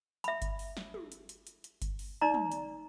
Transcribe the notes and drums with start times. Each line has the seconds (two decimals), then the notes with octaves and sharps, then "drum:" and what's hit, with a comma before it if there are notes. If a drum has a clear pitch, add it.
0.24 E5 B5, drum: hi-hat
0.42 drum: kick G1, hi-hat
0.59 drum: open hi-hat
0.77 drum: snare
0.94 drum: tom
1.12 drum: hi-hat
1.29 drum: hi-hat
1.47 drum: hi-hat
1.64 drum: hi-hat
1.82 drum: kick G1, hi-hat
1.99 drum: open hi-hat
2.22 D#4 D5 A#5
2.34 drum: tom
2.52 drum: hi-hat